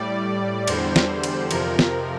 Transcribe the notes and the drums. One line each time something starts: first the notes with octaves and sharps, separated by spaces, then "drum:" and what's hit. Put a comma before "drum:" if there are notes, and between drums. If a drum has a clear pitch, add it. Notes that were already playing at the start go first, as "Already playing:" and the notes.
Already playing: A2 G3 D5
E2 D3 G3 C5, drum: cymbal
drum: snare
drum: cymbal
F2 C3 F3 A#4, drum: cymbal
drum: snare